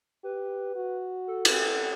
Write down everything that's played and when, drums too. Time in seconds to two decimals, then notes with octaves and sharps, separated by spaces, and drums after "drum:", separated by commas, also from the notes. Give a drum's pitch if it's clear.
0.24 G4 B4
0.76 F#4
1.28 A4
1.45 drum: cymbal